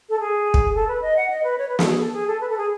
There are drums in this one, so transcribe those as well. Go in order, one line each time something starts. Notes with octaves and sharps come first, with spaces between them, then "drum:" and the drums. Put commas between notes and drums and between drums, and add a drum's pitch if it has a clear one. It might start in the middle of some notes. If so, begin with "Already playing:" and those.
A4
G#4
drum: kick
A4
B4
D#5
F#5
D#5
B4
C#5
B4
A4, drum: snare
G#4
A4
G#4
A4
B4
A4
G#4